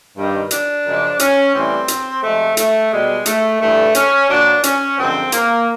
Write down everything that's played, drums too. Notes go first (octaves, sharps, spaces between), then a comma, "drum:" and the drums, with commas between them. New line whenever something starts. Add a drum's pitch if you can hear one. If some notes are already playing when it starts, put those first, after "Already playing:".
G2 D#3 G3
D4, drum: hi-hat
F#2 C#3 F3 G#3
C#4, drum: hi-hat
A2 E3 G3 C4
drum: hi-hat
C3 F3 G#3 A3
A3, drum: hi-hat
B2 G3 G#3
A3, drum: hi-hat
G2 E3 G3 A3
C#4, drum: hi-hat
A#2 F#3 D4
C#4, drum: hi-hat
F#2 D3 F3 G#3 C4
A#3, drum: hi-hat